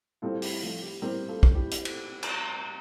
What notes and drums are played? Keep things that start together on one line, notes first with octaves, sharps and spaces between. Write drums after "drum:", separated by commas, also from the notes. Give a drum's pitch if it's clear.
A2 G3 C4 F4 A4
E4 G4, drum: open hi-hat
F3 A3
E4 G4
A2 G3 C4 G4 A#4
F4 A4
drum: kick
E4 G4
drum: hi-hat
drum: cymbal
drum: cymbal